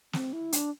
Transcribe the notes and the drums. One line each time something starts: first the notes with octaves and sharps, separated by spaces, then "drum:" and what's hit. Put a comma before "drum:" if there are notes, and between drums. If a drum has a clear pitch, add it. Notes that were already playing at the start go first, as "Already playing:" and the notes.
C4, drum: snare
E4
D4, drum: hi-hat